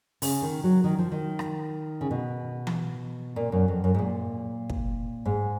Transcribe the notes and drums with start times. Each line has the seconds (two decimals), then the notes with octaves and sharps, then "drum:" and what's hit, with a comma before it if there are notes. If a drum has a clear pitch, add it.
0.22 C#3, drum: open hi-hat
0.42 D#3
0.64 F#3
0.84 D#3
0.98 F3
1.12 D#3
1.39 drum: rim click
2.01 C#3
2.11 B2
2.67 drum: tom E3
3.36 A#2
3.52 F#2
3.68 F2
3.84 F#2
3.94 G#2
3.99 A#2
4.70 drum: kick
5.26 G#2